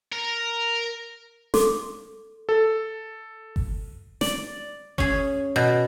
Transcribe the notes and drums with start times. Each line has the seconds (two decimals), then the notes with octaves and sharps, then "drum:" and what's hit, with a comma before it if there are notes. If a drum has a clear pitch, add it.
0.12 A#4
1.54 A4 C6 D6, drum: snare
2.49 A4
3.56 drum: kick G1
4.21 D5, drum: snare
4.98 C#4 G#4, drum: kick G1
5.56 B2